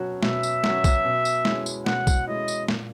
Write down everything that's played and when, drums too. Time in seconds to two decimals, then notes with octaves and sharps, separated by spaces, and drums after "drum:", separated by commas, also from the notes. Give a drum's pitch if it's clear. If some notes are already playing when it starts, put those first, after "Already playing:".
Already playing: B2 F#3 C#4 F#4
0.23 B2 E5, drum: snare
0.43 drum: tambourine
0.64 F#3 C#4 F#4, drum: snare
0.84 drum: kick, tambourine
1.05 B2
1.25 drum: tambourine
1.45 G#3 C#4 E4, drum: snare
1.66 drum: tambourine
1.86 B2 F#5, drum: snare
2.07 drum: kick, tambourine
2.27 G#3 C#4 E4 D#5
2.48 drum: tambourine
2.68 A#2, drum: snare